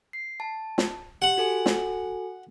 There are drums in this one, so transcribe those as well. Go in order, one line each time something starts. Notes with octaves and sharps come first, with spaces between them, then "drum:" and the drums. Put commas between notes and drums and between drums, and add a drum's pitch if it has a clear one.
C7
A5
drum: snare
G4 F#5
F#4 A4 G#5
drum: snare